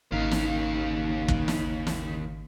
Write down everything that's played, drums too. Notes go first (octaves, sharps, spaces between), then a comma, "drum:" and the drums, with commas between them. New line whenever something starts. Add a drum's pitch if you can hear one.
G#1 D#2 C#3 A#3 D#4 F5
drum: snare
drum: kick
drum: snare
drum: snare